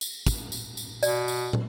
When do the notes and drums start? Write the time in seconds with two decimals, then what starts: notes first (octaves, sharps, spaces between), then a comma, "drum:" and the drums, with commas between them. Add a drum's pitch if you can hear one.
0.01 drum: tambourine
0.26 drum: kick, tambourine
0.52 drum: tambourine
0.77 drum: tambourine
1.03 B2 D5, drum: tambourine
1.28 drum: tambourine
1.53 drum: tom